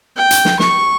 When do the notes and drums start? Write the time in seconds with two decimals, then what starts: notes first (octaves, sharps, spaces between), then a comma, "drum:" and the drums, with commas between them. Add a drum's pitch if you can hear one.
0.16 G5
0.31 drum: hi-hat
0.45 drum: snare
0.59 C#6, drum: snare